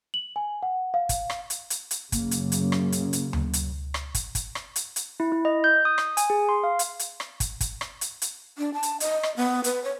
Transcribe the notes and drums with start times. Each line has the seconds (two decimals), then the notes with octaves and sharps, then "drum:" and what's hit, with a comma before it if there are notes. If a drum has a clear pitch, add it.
0.14 F#7
0.36 G#5
0.63 F#5
0.94 F5
1.09 drum: kick, hi-hat
1.30 drum: rim click
1.50 drum: hi-hat
1.70 drum: hi-hat
1.91 drum: hi-hat
2.12 F#2 C#3 A#3, drum: kick, hi-hat
2.31 drum: hi-hat
2.52 drum: hi-hat
2.72 drum: rim click
2.92 drum: hi-hat
3.13 drum: hi-hat
3.33 drum: tom D2
3.53 drum: hi-hat
3.94 drum: rim click
4.15 drum: kick, hi-hat
4.35 drum: kick, hi-hat
4.55 drum: rim click
4.76 drum: hi-hat
4.96 drum: hi-hat
5.20 E4
5.32 E4
5.45 D#5
5.64 G6
5.85 D#6
5.98 drum: rim click
6.17 G#5, drum: hi-hat
6.30 G#4
6.49 C6
6.64 F5
6.79 drum: hi-hat
6.99 drum: hi-hat
7.20 drum: rim click
7.40 drum: kick, hi-hat
7.61 drum: kick, hi-hat
7.81 drum: rim click
8.01 drum: hi-hat
8.22 drum: hi-hat
8.58 D4
8.73 A5
8.83 drum: hi-hat
9.00 D#5, drum: hi-hat
9.23 drum: rim click
9.36 B3
9.64 B4, drum: hi-hat
9.84 C#5